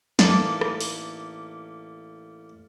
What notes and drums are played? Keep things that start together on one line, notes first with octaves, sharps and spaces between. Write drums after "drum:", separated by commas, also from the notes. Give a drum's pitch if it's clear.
A1 A#3 D#4 A4 A5, drum: snare
drum: rim click
drum: open hi-hat